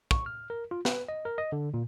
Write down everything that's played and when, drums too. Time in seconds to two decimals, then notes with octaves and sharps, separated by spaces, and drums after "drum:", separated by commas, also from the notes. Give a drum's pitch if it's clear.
0.11 C#6, drum: kick
0.26 F6
0.50 A#4
0.71 F4
0.85 B4, drum: snare
1.09 D#5
1.25 A#4
1.38 D#5
1.52 D3
1.74 A#2